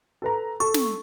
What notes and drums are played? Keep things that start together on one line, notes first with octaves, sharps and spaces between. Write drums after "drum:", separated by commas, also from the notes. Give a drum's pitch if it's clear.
A4 B4 A#5
A4 C#6
drum: snare